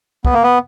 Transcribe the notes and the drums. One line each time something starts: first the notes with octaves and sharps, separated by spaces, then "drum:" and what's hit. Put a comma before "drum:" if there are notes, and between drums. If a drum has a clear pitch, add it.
B3, drum: kick
A#3
B3